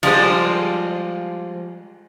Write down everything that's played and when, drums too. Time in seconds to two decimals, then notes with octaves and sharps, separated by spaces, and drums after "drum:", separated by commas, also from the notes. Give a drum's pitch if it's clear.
0.03 F3 G3 G#3 C5, drum: cymbal